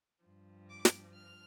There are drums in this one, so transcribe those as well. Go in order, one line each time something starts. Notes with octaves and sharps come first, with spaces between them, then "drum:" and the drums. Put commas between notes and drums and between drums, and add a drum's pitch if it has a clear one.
G2 F3
D6
drum: snare
F6